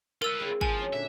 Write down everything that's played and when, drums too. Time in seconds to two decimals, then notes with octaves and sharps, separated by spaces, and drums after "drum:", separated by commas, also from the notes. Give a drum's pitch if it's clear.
0.22 F4 A#4 B4 E6
0.39 G#3 C4 E4
0.61 F3 G#5, drum: kick
0.79 C#4 D#4 F#4
0.93 A#2 D3 D4 E5